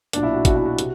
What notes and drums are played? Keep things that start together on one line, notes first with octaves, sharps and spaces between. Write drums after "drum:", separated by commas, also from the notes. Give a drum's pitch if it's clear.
B1 A#2 D4, drum: hi-hat
E4
F#4
B1 A#2 F#4, drum: kick, hi-hat
E4
F#4
C3, drum: hi-hat